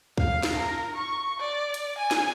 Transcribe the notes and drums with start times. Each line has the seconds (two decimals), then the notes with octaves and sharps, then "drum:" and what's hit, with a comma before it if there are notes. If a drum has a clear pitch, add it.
0.18 F5, drum: kick
0.43 drum: snare
0.54 A#4
0.95 C#6
1.40 D5
1.74 drum: hi-hat
1.98 G#5
2.11 drum: snare